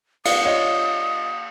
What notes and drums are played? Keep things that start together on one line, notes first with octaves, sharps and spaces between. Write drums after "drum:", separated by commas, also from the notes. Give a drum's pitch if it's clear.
D#6, drum: cymbal
F4 C#5 D#5